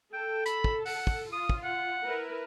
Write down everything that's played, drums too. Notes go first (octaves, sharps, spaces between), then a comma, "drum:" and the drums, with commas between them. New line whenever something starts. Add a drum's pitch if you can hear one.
A4 G5
B5, drum: hi-hat
drum: kick
F#5, drum: open hi-hat
drum: kick
F4 D#6
drum: kick
F#5
E4 A#4 B4